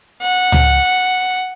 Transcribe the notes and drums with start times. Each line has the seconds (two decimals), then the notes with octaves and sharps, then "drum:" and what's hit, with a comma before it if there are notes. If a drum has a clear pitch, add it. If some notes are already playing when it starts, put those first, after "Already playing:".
0.22 F#5
0.52 drum: tom C#2